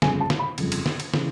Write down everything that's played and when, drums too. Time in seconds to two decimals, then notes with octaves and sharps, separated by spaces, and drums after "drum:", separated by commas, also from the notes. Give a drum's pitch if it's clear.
0.02 G1 F2 C#3 G#5, drum: snare
0.20 A5
0.30 drum: snare
0.39 B5
0.58 G1 F2 C#3, drum: cymbal
0.72 drum: cymbal
0.86 drum: snare
1.00 drum: cymbal
1.14 C#3 E3, drum: snare